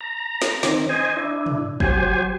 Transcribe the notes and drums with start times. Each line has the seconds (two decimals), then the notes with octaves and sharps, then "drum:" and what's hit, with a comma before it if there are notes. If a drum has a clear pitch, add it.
0.01 A#5
0.42 drum: snare
0.63 D#3 C4, drum: snare
0.89 C5 D#5 G#5
1.17 D4 E4
1.46 drum: tom
1.80 F#3 G4 C5 G#5, drum: kick